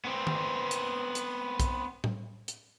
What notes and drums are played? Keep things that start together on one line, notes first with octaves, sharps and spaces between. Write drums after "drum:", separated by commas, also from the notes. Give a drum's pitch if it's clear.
B3 C4
drum: tom
drum: hi-hat
drum: hi-hat
drum: kick, hi-hat
drum: tom A2
drum: hi-hat